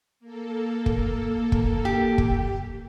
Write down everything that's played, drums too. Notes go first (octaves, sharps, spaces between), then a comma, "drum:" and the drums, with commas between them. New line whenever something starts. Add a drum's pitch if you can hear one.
A#3 A4
drum: kick
drum: kick
G4
drum: kick